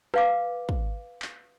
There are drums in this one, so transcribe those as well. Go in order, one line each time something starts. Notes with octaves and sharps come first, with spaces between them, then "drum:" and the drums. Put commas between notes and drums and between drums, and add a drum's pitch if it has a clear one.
B4 F5 D6, drum: rim click
drum: kick
drum: clap